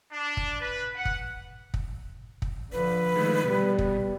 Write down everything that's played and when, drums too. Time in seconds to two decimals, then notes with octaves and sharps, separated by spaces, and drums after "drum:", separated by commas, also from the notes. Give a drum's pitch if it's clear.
0.12 D4
0.37 drum: kick
0.60 B4
0.95 F#5
1.05 drum: kick
1.74 drum: kick
2.42 drum: kick
2.72 D3 F3 B4
3.16 D#3 G#3 A3
3.44 B2 G3
3.79 drum: kick